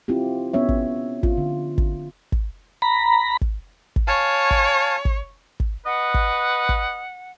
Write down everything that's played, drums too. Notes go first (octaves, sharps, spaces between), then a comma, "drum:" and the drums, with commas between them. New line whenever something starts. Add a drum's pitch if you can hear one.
C4 E4 F4 G4
B3 C#4 C#5 E5
drum: kick
F4, drum: kick
D3
drum: kick
drum: kick
A#5 B5
drum: kick
drum: kick
C#5 F5 G#5 A5
drum: kick
drum: kick
drum: kick
B4 D#5 F#5
drum: kick
drum: kick